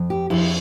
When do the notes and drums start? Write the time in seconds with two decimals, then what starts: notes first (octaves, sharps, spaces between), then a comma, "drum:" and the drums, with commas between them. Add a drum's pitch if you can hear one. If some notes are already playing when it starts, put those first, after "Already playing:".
Already playing: F2
0.10 G4
0.30 F2 E4, drum: cymbal